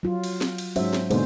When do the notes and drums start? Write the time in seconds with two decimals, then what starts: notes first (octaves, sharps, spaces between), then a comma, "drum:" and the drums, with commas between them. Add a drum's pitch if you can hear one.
0.03 F#3 F4
0.24 drum: cymbal
0.41 drum: snare
0.58 drum: cymbal
0.76 G#2 F#3 C#4 C5 E5, drum: cymbal
0.93 drum: snare
1.11 G#2 B2 D3 A#3 G#4 C5, drum: cymbal